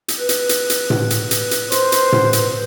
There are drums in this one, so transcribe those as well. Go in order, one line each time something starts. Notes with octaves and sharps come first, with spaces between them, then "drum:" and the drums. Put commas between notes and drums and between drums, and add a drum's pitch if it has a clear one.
drum: hi-hat
B4
drum: hi-hat
drum: hi-hat
drum: hi-hat
drum: tom A2
drum: hi-hat
drum: hi-hat
drum: hi-hat
C5, drum: hi-hat
drum: hi-hat
drum: tom A2
drum: hi-hat